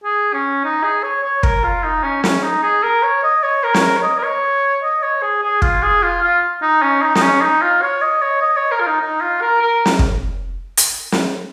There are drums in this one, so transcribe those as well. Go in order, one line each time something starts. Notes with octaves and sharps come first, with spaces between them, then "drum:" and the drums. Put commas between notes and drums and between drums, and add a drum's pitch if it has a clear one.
G#4
C#4
D#4
G#4
C#5
C#5
A#4, drum: kick
F4
D#4
C#4
C#4, drum: snare
D#4
G#4
A#4
C#5
D#5
C#5
A#4
C#5, drum: snare
A#4
C#5
D#5
A#4
C#5
D#5
C#5
G#4
G#4
F4, drum: kick
G#4
F4
F4
D#4
C#4
D#4
D#4, drum: snare
C#4
D#4
F4
C#5
D#5
C#5
D#5
C#5
A#4
F4
D#4
D#4
F4
A#4
A#4
drum: snare
drum: kick
drum: hi-hat
drum: snare